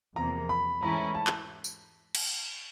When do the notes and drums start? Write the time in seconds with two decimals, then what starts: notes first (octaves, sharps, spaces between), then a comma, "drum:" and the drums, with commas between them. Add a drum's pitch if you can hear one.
0.15 E2 C3 F3 A#3 A#5
0.49 B5
0.81 G#2 E3 A3 C#4 E4 A#5
1.15 A5
1.27 drum: clap
1.64 drum: tambourine
2.15 drum: cymbal